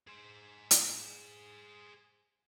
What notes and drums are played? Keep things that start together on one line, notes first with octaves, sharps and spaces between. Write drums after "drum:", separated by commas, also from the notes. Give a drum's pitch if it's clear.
G#4 C5
drum: hi-hat